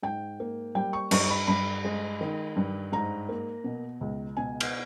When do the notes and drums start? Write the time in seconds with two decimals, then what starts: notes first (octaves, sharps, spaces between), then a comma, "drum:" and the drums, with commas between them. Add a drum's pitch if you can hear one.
0.03 G#2 G5
0.40 A#3
0.75 G3 G5
0.93 C#6
1.11 G2 C#6, drum: cymbal
1.24 C#6
1.30 B5
1.47 G2 B5
1.85 G#3
2.21 D#3
2.56 G2
2.92 G#2 A#5
3.29 A#3
3.64 B2
4.01 C#2
4.37 B2 G#5
4.60 drum: cymbal